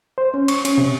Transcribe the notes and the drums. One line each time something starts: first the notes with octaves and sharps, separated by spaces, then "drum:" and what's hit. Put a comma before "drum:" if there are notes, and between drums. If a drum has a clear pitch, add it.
C5
C#4
C#6, drum: cymbal
C#4, drum: cymbal
C3